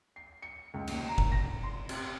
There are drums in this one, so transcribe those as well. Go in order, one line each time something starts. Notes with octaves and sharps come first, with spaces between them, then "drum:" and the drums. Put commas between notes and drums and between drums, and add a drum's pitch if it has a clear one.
C7
C#7
C#2
D#2, drum: cymbal
A#5
drum: kick F#1
A#6
C6
C3, drum: cymbal